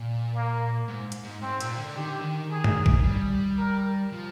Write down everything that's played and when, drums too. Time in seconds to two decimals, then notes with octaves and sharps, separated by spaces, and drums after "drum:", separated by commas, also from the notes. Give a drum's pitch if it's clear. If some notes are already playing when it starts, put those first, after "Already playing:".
Already playing: A#2
0.34 A#3
0.88 G#2
1.12 drum: hi-hat
1.24 G#2
1.42 G#2 C4
1.60 A#2, drum: hi-hat
1.78 D3
1.96 D#3 G4
2.08 D3
2.21 D#3
2.50 G#4
2.64 drum: tom G2
2.86 drum: kick A1
3.04 G3
3.58 A#4
4.13 F3